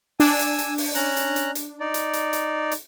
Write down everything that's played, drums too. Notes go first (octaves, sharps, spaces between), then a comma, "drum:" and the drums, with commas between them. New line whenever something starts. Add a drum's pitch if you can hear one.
D4 G#5 E6, drum: open hi-hat
drum: hi-hat
drum: hi-hat
drum: open hi-hat
C#4 A#5 F#6, drum: hi-hat
drum: hi-hat
drum: hi-hat
drum: hi-hat
D#4 D5
drum: hi-hat
drum: hi-hat
drum: hi-hat
drum: hi-hat